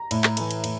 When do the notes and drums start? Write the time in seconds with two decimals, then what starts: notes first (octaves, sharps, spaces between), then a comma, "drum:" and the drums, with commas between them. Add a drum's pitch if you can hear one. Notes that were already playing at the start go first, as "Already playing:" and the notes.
Already playing: A#5
0.11 A2, drum: cymbal
0.24 drum: clap
0.37 E3 A3, drum: cymbal
0.51 drum: cymbal
0.64 A2, drum: cymbal